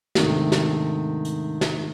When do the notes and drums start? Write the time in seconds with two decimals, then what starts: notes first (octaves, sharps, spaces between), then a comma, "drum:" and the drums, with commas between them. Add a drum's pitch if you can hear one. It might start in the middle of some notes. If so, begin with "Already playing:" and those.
0.15 G#2 C3 D#3 A3 D4, drum: snare
0.52 drum: snare
1.25 drum: hi-hat
1.61 drum: snare